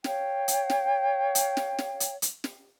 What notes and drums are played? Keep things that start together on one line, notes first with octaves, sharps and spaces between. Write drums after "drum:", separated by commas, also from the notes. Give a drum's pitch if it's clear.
C#5 F5 G5, drum: snare
drum: hi-hat
drum: snare
drum: hi-hat
drum: snare
drum: snare
drum: hi-hat
drum: hi-hat
drum: snare